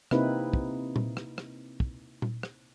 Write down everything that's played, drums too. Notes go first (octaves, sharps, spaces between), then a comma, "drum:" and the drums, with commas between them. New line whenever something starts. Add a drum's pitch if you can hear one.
C3 A#3 C4 D#4 E4 B4, drum: rim click
drum: kick
drum: tom A#2
drum: rim click
drum: rim click
drum: kick
drum: tom A#2
drum: rim click